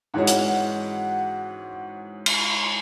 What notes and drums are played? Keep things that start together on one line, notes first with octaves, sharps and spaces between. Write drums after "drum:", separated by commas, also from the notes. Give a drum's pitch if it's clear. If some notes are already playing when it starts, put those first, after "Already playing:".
G#2 E3 G#3 C#4 F#4 F#5
drum: hi-hat
drum: cymbal